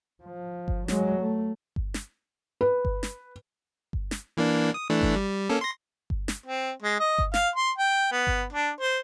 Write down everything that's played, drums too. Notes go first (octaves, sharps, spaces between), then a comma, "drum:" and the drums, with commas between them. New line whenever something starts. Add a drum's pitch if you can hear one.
F3
drum: kick G1
F#3 G#3, drum: snare
A3
drum: kick G1
drum: snare
B4
drum: kick G1
drum: snare
drum: kick G1
drum: snare
E3 A#3 D4
D#6
E3 A3 D4
drum: kick G1
G3
A#3 C#4 A4
C6 A#6
drum: kick G1
drum: snare
C4
G#3
D#5
drum: kick G1
F5, drum: snare
C6
G5
B3
drum: kick G1
D4
C5